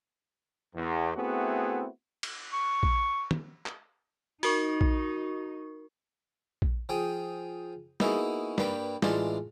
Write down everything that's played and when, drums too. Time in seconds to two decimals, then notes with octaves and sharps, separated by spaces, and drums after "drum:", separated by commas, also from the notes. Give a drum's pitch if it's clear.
0.75 E2
1.16 A3 B3 C4 E4 F#4 G#4
2.23 drum: cymbal
2.53 C#6
2.83 drum: kick A#1
3.31 drum: tom
3.66 drum: clap
4.43 D#4 F#4 A#4 C#6, drum: open hi-hat
4.81 drum: kick A#1
6.62 drum: kick A#1
6.89 F3 G#4 G5 D#6
8.00 A#3 B3 D#4 E4 F#4 G#4, drum: snare
8.58 G2 G3 A#3 B4 G5, drum: snare
9.02 A1 E3 G#3 F4 D5 A5, drum: snare